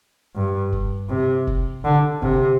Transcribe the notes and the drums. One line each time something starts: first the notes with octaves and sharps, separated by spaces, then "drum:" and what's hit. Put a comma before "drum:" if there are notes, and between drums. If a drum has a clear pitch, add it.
G2
drum: kick
C3
drum: kick
D3
C3, drum: kick